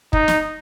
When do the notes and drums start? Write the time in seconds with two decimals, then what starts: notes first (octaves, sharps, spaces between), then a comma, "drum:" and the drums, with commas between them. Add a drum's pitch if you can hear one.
0.13 D#4, drum: kick
0.28 drum: snare